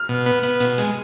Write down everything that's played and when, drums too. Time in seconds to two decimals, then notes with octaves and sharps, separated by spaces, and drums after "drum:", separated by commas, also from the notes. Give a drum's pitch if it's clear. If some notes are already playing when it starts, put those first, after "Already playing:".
Already playing: F6
0.09 B2
0.26 B3
0.43 B3, drum: hi-hat
0.60 B2, drum: hi-hat
0.78 G#3, drum: hi-hat